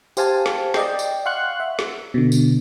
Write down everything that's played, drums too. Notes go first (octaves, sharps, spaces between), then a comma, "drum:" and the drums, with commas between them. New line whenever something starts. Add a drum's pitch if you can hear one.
G4 C5 F5 G#5 A5, drum: tambourine
drum: snare
D5 D#5 G5, drum: snare
drum: tambourine
F5 F#5 C6 C#6 F#6
E5
drum: snare
B2 D3
drum: tambourine